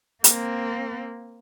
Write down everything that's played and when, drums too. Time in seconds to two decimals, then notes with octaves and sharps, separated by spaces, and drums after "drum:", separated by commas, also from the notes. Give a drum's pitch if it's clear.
0.24 A#3 C4, drum: hi-hat